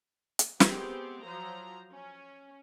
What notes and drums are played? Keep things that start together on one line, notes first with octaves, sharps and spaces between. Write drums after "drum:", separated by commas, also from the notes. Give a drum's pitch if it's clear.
drum: hi-hat
G#3 B3 C4 G4, drum: snare
F3 F#3 C5 A#5
C#4